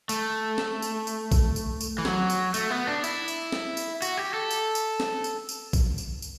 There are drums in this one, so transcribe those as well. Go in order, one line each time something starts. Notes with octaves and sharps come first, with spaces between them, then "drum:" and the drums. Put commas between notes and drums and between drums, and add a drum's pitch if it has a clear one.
A3, drum: tambourine
drum: snare
drum: tambourine
drum: tambourine
drum: kick A#1, tambourine
drum: tambourine
drum: tambourine
E3
F#3, drum: snare
drum: tambourine
A3, drum: tambourine
B3
D4
E4, drum: tambourine
drum: tambourine
drum: snare
drum: tambourine
F#4, drum: tambourine
G4
A4
drum: tambourine
drum: tambourine
drum: snare
drum: tambourine
drum: tambourine
drum: kick A#1, tambourine
drum: tambourine
drum: tambourine